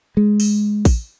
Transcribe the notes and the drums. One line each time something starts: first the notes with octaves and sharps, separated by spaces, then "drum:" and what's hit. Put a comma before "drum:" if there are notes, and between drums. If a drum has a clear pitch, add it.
G#3
drum: open hi-hat
drum: kick A1, open hi-hat